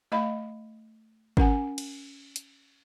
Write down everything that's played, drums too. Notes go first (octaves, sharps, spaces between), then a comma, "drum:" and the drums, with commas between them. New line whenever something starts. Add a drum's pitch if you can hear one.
A3 D#5 F5 B5
C#4 A#4 F#5 G#5, drum: kick G#1
drum: cymbal
drum: hi-hat